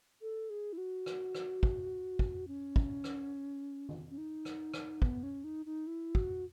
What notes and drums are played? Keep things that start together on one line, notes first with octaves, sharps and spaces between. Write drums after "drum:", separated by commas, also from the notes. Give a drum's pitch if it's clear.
A4
G#4
E4
F#4
drum: rim click
drum: rim click
drum: kick
drum: kick
C#4
drum: kick
drum: rim click
drum: tom
C#4
D#4
drum: rim click
drum: rim click
B3, drum: kick
C#4
D#4
D#4
E4
F#4, drum: kick